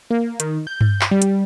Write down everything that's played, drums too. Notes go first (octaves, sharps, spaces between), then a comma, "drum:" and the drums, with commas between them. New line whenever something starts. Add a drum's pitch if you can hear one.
A#3
D#3, drum: hi-hat
G6
drum: tom G2
drum: clap
G3
drum: hi-hat